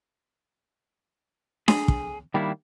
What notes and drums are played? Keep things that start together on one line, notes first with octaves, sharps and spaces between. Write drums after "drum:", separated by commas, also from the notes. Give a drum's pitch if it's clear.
G#4, drum: snare D4
drum: kick
D#3 G3 A#3 D4 E4